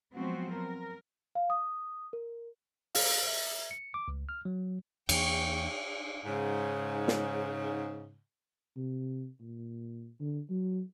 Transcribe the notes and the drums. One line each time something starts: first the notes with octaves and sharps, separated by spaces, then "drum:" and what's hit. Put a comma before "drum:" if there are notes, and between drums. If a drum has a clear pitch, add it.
F3 F#3 G#3 B3 C4 F#4
A#4
F5
D#6
A#4
F5, drum: open hi-hat
E5
C#7
D6
C#2
F6
F#3
E2 E3 A#3 G5 C#6, drum: cymbal
G#2 C#3
drum: snare
C3
A#2
D3
F#3